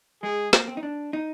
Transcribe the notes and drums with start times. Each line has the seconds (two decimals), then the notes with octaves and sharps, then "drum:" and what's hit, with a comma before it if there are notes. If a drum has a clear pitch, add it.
0.23 G#3 G#4
0.53 A#3, drum: snare
0.68 C4
0.77 D#4
0.83 D4
1.13 D#4